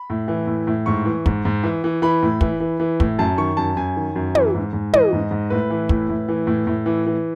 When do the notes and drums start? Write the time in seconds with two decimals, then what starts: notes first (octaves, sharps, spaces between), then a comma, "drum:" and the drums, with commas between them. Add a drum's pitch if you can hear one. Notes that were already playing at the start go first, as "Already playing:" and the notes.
Already playing: B5
0.10 A2
0.28 E3
0.47 A2
0.67 A2
0.86 G#2 C#6
1.05 E3
1.26 G#2, drum: kick
1.45 G#2
1.63 E3
1.84 E3
2.02 E3 B5
2.23 A2
2.41 E3, drum: kick
2.60 E3
2.80 E3
3.00 A2, drum: kick
3.19 F#2 A5
3.38 D#3 C#6
3.57 F#2 A5
3.77 F#2 G#5
3.97 D#3
4.16 F#2
4.35 E3, drum: tom
4.55 G#2
4.73 G#2
4.93 E3 D#5, drum: tom
5.13 G#2
5.31 G#2
5.50 A2 B4
5.70 E3
5.89 A2, drum: kick
6.09 A2
6.28 E3
6.47 A2
6.67 A2
6.86 E3
7.06 E3